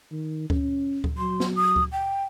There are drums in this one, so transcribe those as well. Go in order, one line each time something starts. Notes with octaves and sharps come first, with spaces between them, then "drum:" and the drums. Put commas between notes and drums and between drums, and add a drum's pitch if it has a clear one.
D#3
C#4, drum: kick D2
drum: kick D2
F#3 C6
drum: snare
D#6
drum: kick D2
G5